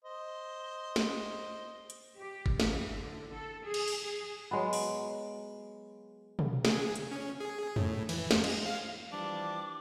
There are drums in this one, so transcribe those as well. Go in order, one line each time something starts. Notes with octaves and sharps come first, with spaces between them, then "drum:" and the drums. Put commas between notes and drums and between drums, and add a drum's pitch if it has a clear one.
C5 D#5
drum: snare
drum: hi-hat
G4
drum: kick G1
E3, drum: snare
D3
A4
G#4
drum: cymbal
drum: open hi-hat
G#4
F#3 G#3 B3
drum: open hi-hat
drum: tom B2
G#4, drum: snare
drum: hi-hat
C#4
G#4
A2, drum: tom E2
E3, drum: cymbal
C5, drum: snare
G#3, drum: cymbal
F5
E3 F3 G3 D4 D6